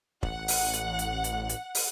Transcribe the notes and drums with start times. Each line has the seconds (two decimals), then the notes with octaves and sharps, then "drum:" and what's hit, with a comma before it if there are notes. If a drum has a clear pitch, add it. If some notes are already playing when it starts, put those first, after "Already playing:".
0.23 A1 F#5, drum: kick
0.48 drum: open hi-hat
0.73 drum: hi-hat
0.99 drum: hi-hat
1.24 drum: hi-hat
1.49 drum: hi-hat
1.75 drum: open hi-hat